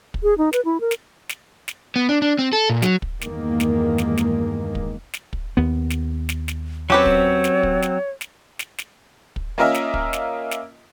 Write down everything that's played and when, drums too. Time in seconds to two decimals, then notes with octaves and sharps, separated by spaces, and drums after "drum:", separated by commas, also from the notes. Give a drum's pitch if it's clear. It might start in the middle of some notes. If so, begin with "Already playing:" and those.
0.14 drum: kick
0.23 G#4
0.38 D#4
0.53 B4, drum: snare
0.65 E4
0.81 A#4
0.91 drum: snare
1.29 drum: snare
1.68 drum: snare
1.96 B3
2.09 D4
2.22 D4
2.39 C4
2.53 A4
2.70 A#2
2.82 F#3, drum: snare
3.02 drum: kick
3.21 E2 G2 D#3 G#3 A#3, drum: snare
3.60 drum: snare
3.98 drum: snare
4.17 drum: snare
4.75 drum: kick
5.13 drum: snare
5.33 drum: kick
5.57 D#2 B3
5.90 drum: snare
6.29 drum: snare
6.48 drum: snare
6.90 F#3 C4 C#4 G4 B4 C#5
7.06 drum: kick
7.44 drum: snare
7.63 drum: kick
7.82 drum: snare
8.21 drum: snare
8.59 drum: snare
8.78 drum: snare
9.36 drum: kick
9.58 A#3 C#4 F4 A#4 D#5 E5
9.74 drum: snare
9.94 drum: kick
10.13 drum: snare
10.51 drum: snare